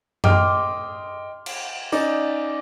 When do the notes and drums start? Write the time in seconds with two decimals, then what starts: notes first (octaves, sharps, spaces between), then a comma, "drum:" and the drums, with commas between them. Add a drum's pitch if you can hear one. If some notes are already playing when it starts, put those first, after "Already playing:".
0.24 D#5 G5 C6 D6 F6, drum: tom F#2
1.46 drum: cymbal
1.92 C#4 D#4 D5, drum: tambourine